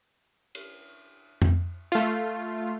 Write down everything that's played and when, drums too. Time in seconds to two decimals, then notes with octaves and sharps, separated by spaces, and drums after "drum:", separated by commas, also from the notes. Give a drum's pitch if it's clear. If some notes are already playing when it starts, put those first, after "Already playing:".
0.55 drum: cymbal
1.42 drum: tom F2
1.92 A3 F4, drum: hi-hat